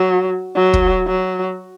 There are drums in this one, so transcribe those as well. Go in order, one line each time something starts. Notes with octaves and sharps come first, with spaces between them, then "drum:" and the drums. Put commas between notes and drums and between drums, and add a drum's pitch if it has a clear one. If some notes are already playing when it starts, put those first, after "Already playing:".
Already playing: F#3
F#3
drum: kick
F#3